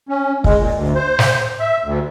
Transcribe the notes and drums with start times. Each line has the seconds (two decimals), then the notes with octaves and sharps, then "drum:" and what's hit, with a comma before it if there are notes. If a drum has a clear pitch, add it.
0.09 C#4
0.44 G#3, drum: kick
0.58 A#2
0.74 D2
0.95 C5
1.19 drum: snare
1.60 E5
1.84 D2